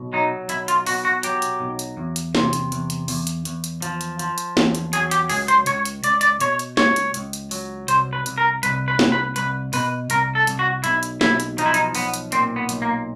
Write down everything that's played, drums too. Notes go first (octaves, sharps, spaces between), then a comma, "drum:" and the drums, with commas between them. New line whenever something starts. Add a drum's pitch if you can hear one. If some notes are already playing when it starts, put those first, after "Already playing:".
Already playing: B1 B2
F#3 D#4
B1 E4, drum: hi-hat
F4, drum: hi-hat
B2 F#4, drum: open hi-hat
F#4
F#3 G4, drum: hi-hat
drum: hi-hat
B1
drum: hi-hat
E2
drum: hi-hat
C3, drum: snare
drum: hi-hat
E2, drum: hi-hat
drum: hi-hat
E2, drum: open hi-hat
drum: hi-hat
E2, drum: hi-hat
drum: hi-hat
F3, drum: hi-hat
drum: hi-hat
F3, drum: hi-hat
drum: hi-hat
E2, drum: snare
drum: hi-hat
F#3 G#4, drum: hi-hat
G4, drum: hi-hat
C#2 G#4, drum: open hi-hat
C5, drum: hi-hat
C#2 C#5, drum: hi-hat
drum: hi-hat
C#2 D5, drum: hi-hat
D5, drum: hi-hat
B2 C#5, drum: hi-hat
drum: hi-hat
C#2 C#5, drum: snare
drum: hi-hat
C#2, drum: hi-hat
drum: hi-hat
F#3, drum: open hi-hat
C2 C5, drum: hi-hat
B4
C2, drum: hi-hat
A#4
C2 B4, drum: hi-hat
B4
C2, drum: snare
B4
C2 B4, drum: hi-hat
B2 B4, drum: open hi-hat
C2 A#4, drum: hi-hat
A4
C2, drum: hi-hat
F#4
B1 E4, drum: hi-hat
drum: hi-hat
B1 E4, drum: snare
drum: hi-hat
F3 D#4, drum: hi-hat
E4
D#4, drum: hi-hat
B1 B3, drum: open hi-hat
drum: hi-hat
A#2 C4, drum: hi-hat
B3
B1, drum: hi-hat
A#3